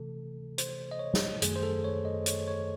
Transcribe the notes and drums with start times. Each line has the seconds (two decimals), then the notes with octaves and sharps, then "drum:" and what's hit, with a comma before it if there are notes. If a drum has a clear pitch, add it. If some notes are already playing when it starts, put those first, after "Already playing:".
Already playing: C3 E3 A3 A4
0.58 C5, drum: hi-hat
0.91 D#5
0.99 C#5
1.14 drum: snare
1.42 F#2 D#3 A3 G#4, drum: hi-hat
1.56 C5
1.63 A4
1.84 C#5
2.05 D#5
2.26 C#5, drum: hi-hat
2.47 C#5